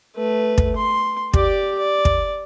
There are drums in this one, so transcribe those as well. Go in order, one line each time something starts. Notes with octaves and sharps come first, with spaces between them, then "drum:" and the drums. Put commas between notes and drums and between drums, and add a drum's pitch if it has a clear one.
A3 B4
drum: kick
C6
G4 D5, drum: kick
D5
drum: kick